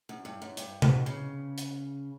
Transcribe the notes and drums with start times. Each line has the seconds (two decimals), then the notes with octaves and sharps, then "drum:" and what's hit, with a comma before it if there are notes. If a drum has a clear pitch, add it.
0.09 F#2
0.25 G2
0.42 F#2
0.57 G2, drum: hi-hat
0.82 B2, drum: tom C3
1.06 C#3
1.58 drum: hi-hat